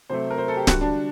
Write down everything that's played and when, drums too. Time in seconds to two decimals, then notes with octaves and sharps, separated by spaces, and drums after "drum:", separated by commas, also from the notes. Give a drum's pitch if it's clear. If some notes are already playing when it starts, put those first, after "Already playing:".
0.10 C3 F#3 A3 C5
0.30 A#4
0.38 C5
0.48 A4
0.57 G4
0.67 D3 G3 F#4, drum: snare D1
0.81 D4